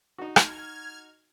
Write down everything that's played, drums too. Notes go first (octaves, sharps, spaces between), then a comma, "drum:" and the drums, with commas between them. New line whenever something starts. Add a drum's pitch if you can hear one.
D#4 F#4
F6 G#6, drum: rim click